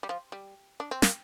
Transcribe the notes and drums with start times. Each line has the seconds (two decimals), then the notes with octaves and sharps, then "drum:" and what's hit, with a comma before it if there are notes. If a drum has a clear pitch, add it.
0.03 G3
0.09 F3
0.32 G3
0.80 D4
0.91 C4
1.02 A#3, drum: snare